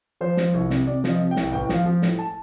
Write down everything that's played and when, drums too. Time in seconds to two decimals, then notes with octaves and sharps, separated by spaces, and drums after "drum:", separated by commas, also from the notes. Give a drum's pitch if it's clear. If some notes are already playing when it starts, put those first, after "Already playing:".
0.21 F3 C5
0.37 F3, drum: snare
0.54 C2
0.70 C3, drum: snare
0.87 C3 D5
1.04 F3 D#5, drum: snare
1.20 C3
1.31 G5
1.36 C2, drum: snare
1.52 A1 G5
1.69 F3, drum: snare
1.74 F5
1.86 F3
2.02 A2, drum: snare
2.19 A5